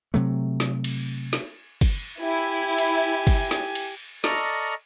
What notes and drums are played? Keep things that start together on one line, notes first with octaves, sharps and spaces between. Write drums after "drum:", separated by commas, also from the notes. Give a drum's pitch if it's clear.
C3 F#3 A3
drum: snare
drum: cymbal
drum: snare
drum: kick, cymbal
E4 G4 G#5
drum: cymbal
drum: kick, cymbal
drum: snare
drum: cymbal
A4 D5 D#5 A#5 C#6 F6, drum: snare